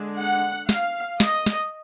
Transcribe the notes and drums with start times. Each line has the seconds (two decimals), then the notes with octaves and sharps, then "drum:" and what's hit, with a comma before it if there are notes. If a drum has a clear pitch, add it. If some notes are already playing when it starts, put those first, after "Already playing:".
Already playing: D3 G#3 D4
0.18 F#5
0.69 F5, drum: snare
1.20 D#5, drum: snare
1.46 drum: snare